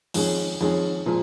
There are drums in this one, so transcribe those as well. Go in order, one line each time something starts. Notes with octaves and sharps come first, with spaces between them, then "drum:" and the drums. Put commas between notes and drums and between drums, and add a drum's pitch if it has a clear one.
F2 D#3 G#3 C#4 G#4, drum: open hi-hat
F2 D#3 G#3 C#4 G#4
A#2 F3 G#3